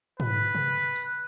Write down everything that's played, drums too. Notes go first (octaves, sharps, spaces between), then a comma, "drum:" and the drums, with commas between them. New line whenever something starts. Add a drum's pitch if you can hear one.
B4, drum: tom G#2
drum: tom C3
drum: tambourine